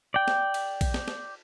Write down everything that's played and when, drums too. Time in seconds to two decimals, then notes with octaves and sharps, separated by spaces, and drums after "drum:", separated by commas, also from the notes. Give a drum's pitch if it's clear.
0.14 D5 G5
0.28 drum: snare
0.54 drum: cymbal
0.81 drum: kick A#1, cymbal
0.94 drum: snare
1.08 drum: snare